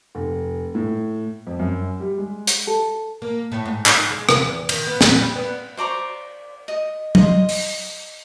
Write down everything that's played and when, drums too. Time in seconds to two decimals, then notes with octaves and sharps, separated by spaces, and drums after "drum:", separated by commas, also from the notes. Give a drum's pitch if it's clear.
0.15 F1
0.75 A2
1.47 F2
1.59 F#2
2.00 G3
2.18 G#3
2.47 drum: hi-hat
2.67 A4
3.22 A#3
3.52 A2
3.66 G#2
3.86 D#4, drum: clap
4.11 G#3
4.29 C3, drum: rim click
4.45 E2
4.69 D#3, drum: cymbal
4.86 B3
5.01 A#2, drum: snare
5.19 G3
5.35 B3
5.77 C5 D5 A#5 C#6
6.68 D#5
7.15 D#5 C6, drum: tom F#3
7.49 drum: open hi-hat